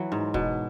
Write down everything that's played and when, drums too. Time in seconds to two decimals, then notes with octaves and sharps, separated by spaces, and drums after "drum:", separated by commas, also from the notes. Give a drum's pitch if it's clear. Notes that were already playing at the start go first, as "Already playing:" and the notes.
Already playing: E3 F#3
0.12 G#2
0.34 B2, drum: kick